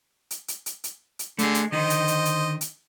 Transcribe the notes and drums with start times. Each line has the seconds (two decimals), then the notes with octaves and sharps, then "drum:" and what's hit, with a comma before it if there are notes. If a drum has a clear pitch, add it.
0.31 drum: hi-hat
0.48 drum: hi-hat
0.66 drum: hi-hat
0.84 drum: hi-hat
1.19 drum: hi-hat
1.39 D3 A3 G#4, drum: hi-hat
1.55 drum: hi-hat
1.72 D3 D#3 D#4 C5 D#5
1.90 drum: hi-hat
2.08 drum: hi-hat
2.25 drum: hi-hat
2.61 drum: hi-hat